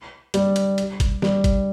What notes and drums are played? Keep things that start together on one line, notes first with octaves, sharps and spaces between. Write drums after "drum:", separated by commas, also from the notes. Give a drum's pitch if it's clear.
G3, drum: hi-hat
drum: hi-hat
drum: hi-hat
drum: kick G1, hi-hat
G3, drum: snare
drum: kick G1, hi-hat